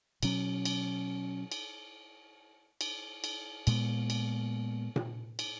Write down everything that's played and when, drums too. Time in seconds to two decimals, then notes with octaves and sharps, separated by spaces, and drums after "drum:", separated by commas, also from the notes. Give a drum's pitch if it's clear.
0.23 B2 F#3 C#4, drum: cymbal
0.65 drum: cymbal
1.52 drum: cymbal
2.81 drum: cymbal
3.24 drum: cymbal
3.67 A#2 G#3 B3, drum: cymbal
4.10 drum: cymbal
4.96 drum: tom A#2
5.39 drum: cymbal